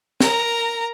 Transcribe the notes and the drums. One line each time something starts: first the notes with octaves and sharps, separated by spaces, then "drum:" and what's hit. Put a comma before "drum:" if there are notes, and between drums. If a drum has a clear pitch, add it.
A#4 A#5, drum: snare